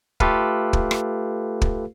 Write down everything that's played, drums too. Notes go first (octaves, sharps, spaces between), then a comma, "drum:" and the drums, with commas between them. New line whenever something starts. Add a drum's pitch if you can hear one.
A3 F4 G4 A4 B4 F5, drum: kick
drum: kick
drum: rim click
drum: kick